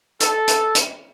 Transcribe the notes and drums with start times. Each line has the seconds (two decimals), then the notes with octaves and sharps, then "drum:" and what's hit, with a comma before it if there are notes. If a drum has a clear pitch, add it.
0.20 A4, drum: hi-hat
0.48 drum: hi-hat
0.75 drum: hi-hat